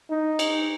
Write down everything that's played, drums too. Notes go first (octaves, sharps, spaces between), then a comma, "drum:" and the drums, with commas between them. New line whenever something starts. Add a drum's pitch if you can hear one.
D#4
drum: cymbal